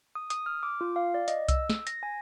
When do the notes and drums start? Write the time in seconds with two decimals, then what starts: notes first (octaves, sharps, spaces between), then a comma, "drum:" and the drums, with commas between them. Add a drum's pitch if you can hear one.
0.15 D#6
0.30 D#6, drum: hi-hat
0.46 F6
0.63 D6
0.81 F4
0.96 F5
1.14 D5
1.28 D#5, drum: hi-hat
1.48 E6, drum: kick C2, hi-hat
1.70 drum: snare
1.87 A#6, drum: hi-hat
2.03 G#5